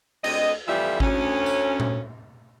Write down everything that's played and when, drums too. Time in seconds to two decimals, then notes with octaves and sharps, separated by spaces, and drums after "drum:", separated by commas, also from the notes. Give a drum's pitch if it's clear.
0.24 D2 D3 C4 D#5, drum: cymbal
0.68 F2 A2 E3 G3 F4 E5
1.00 D2 C#4, drum: kick G#1
1.46 drum: tambourine
1.80 drum: tom A#2